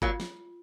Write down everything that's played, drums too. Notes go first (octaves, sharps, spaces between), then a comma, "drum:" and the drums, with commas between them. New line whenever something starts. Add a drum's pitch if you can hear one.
F#3 A#3 F4, drum: kick G1
drum: snare